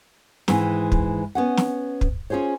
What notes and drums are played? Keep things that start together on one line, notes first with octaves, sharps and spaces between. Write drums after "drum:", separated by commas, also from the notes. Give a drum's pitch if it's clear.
G#2 D#3 E3 G#3, drum: snare
drum: kick
B3 C#4 F#5
drum: snare
drum: kick
C#4 F4 G#4 C5 C#5